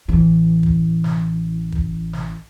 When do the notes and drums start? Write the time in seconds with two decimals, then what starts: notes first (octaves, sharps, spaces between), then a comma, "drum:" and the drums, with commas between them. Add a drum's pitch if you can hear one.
0.08 A1 E3
0.63 drum: kick
1.04 drum: snare
1.72 drum: kick
2.13 drum: snare